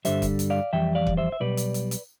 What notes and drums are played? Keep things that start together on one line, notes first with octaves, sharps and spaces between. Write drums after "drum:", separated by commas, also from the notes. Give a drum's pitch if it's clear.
G2 D3 G3 C5 E5, drum: hi-hat
drum: kick, hi-hat
drum: hi-hat
D5 F5
F2 E3 G3 E5 G5
D5 F5
drum: kick
C5 E5
E5
B1 B2 G3 B4 D5
drum: hi-hat
drum: hi-hat
drum: hi-hat